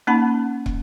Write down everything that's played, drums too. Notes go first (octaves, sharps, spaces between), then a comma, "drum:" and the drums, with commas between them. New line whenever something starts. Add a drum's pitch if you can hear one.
A#3 C#4 D#4 F#5 A5 B5
drum: kick